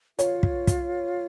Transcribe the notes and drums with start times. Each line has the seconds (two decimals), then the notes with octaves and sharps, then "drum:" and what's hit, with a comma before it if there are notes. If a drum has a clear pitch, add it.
0.19 F4 C#5, drum: hi-hat
0.43 drum: kick
0.67 drum: kick, hi-hat